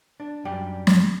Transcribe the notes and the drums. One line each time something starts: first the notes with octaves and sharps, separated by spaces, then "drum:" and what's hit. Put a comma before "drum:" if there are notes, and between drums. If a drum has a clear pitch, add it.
D4
F#2 G3 D5 G5
drum: snare